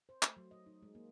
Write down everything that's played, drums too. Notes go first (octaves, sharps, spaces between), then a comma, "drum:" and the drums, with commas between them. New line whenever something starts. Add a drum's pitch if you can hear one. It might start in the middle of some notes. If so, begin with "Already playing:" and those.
C5
A3, drum: clap
F#3
D#5
D#4
G#3
A#3